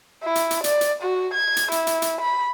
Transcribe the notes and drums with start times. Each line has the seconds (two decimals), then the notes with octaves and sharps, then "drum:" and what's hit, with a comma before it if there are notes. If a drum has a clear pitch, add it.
0.23 E4
0.35 drum: hi-hat
0.51 drum: hi-hat
0.64 D5, drum: hi-hat
0.81 drum: hi-hat
1.02 F#4
1.34 G#6
1.57 drum: hi-hat
1.72 E4, drum: hi-hat
1.87 drum: hi-hat
2.02 drum: hi-hat
2.21 B5